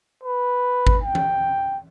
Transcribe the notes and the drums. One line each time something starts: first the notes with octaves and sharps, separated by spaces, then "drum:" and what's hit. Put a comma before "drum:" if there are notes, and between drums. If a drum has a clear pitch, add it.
B4
drum: kick G#1
G5
drum: tom E3